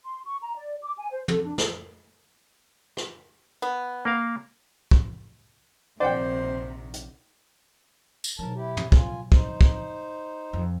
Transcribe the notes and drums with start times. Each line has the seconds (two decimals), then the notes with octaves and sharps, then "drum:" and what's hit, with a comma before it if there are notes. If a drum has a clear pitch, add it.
0.02 C6
0.25 C#6
0.41 A#5
0.56 D5
0.83 D6
0.96 G#5
1.11 C5
1.28 A4, drum: tom
1.43 D4
1.58 A4, drum: snare
2.97 drum: rim click
3.62 B3
4.05 A#3 A#4 F5
4.91 drum: kick
6.00 A#1 C3 D#3 C5 D5 F#5 G5
6.94 drum: hi-hat
8.24 drum: tambourine
8.39 G#2 B2 F#3 A#4 A5
8.55 E4 G4
8.77 drum: tom
8.92 F4 G#5, drum: kick
9.32 D#4 C5, drum: kick
9.61 drum: kick
10.53 F2